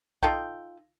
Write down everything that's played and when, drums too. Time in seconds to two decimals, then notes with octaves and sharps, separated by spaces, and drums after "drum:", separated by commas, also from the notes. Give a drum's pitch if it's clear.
0.23 D#4 F4 A4 G5, drum: kick B1